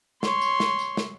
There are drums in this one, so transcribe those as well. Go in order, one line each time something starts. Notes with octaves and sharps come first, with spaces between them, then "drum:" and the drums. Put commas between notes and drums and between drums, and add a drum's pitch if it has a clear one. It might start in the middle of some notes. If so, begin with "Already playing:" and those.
C#5 C6, drum: snare
drum: tambourine
drum: snare
drum: tambourine
drum: snare